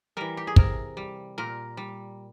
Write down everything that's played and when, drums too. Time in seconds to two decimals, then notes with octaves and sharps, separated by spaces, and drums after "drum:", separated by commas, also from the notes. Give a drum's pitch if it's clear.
0.17 E3 G3 A#4
0.37 G4
0.47 G#4
0.56 C3 A#4, drum: kick
0.97 G3
1.38 A#2 A#4
1.77 G3